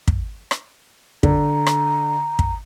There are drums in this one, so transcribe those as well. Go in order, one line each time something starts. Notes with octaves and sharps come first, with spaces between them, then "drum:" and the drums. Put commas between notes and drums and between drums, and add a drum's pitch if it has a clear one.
drum: kick
drum: rim click
D3 A#5, drum: kick
drum: rim click
drum: kick